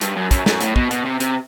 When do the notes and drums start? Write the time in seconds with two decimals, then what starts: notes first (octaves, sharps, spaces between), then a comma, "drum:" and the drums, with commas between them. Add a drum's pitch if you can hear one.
0.01 G2, drum: hi-hat
0.16 F#2
0.31 F#2, drum: kick, hi-hat
0.46 F#2, drum: snare
0.61 A2, drum: hi-hat
0.76 B2, drum: kick
0.91 B2, drum: hi-hat
1.05 C3
1.20 C3, drum: hi-hat